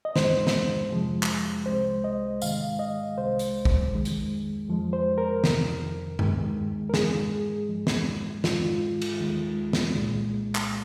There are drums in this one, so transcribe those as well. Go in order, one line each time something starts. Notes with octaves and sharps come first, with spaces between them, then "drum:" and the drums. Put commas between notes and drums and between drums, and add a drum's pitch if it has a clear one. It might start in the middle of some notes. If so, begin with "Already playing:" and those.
D#5
G#2 D#3 G#3 C5, drum: snare
drum: snare
F2 C3 F3 G#3
drum: clap
C2 C3 G#3 C5
D#5
G#2 D#3 G#3 F5, drum: tambourine
D#5
C2 C3 G#3 C5
drum: hi-hat
drum: kick
F2 D#3 G#3
drum: hi-hat
F2 F3 G#3
C5
A#4
F2 C3 D#3, drum: snare
D#2 D#3 G#3, drum: tom G2
A#4
G#2 G#3 G#4, drum: snare
G#2 F3 G#3
drum: snare
G#2 D#3 G#3 F4, drum: snare
drum: cymbal
D#2 D#3 G#3
drum: snare
C2 A#2 G#3
drum: clap